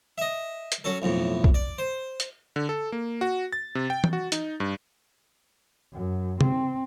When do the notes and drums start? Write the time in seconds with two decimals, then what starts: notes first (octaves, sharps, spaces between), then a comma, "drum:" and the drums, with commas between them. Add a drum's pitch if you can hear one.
0.18 D#5 E5
0.72 drum: hi-hat
0.84 F#3 C#4 A4
1.02 B1 F2 A2
1.44 drum: kick B1
1.54 D5
1.78 C5
2.20 drum: hi-hat
2.56 D3
2.69 A4
2.92 A#3
3.21 F#4
3.52 A6
3.75 C3
3.90 G5
4.04 drum: tom
4.13 F#4
4.32 D#4, drum: hi-hat
4.60 G2
5.93 F#2
6.41 C4, drum: tom